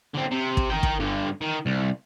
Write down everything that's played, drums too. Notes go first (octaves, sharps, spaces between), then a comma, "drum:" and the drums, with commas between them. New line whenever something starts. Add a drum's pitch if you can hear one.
D3 C4
C3
drum: kick
A#4 G5
drum: kick
G2 D3
D#3
C2